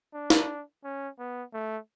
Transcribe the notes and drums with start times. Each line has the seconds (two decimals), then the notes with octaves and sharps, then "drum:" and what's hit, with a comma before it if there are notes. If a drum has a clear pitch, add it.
0.14 D4
0.30 drum: snare D#4
0.84 C#4
1.19 B3
1.53 A3